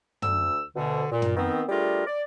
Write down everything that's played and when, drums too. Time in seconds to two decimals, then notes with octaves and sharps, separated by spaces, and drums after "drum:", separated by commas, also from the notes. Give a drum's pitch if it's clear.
0.22 D2 E6, drum: tom
0.75 D2 B2 D3
1.11 A#2
1.22 drum: tom
1.36 D#3 B3 C4
1.69 G3 A3 D4 F4 G#4 A#4
2.06 D5